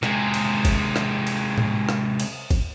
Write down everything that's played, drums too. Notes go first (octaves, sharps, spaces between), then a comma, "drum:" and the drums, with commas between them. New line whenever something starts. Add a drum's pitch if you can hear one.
C3 G#3, drum: rim click
drum: cymbal
drum: kick F#1, cymbal
drum: rim click
drum: cymbal
drum: tom A2
drum: rim click
drum: cymbal
drum: kick F#1, cymbal